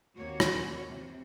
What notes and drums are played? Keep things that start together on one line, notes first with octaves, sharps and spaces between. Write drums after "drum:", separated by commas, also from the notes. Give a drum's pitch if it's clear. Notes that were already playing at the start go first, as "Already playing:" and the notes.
D#2 A#3 C4 F#4 C#5
drum: rim click
C3 E3